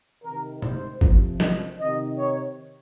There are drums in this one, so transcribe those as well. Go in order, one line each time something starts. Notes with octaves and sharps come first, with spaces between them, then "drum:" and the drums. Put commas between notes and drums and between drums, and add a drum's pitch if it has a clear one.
C3 D#3 A#4
C5, drum: tom
C3 F3, drum: kick G1
D#5, drum: snare
C3 D#3 D#5
C#5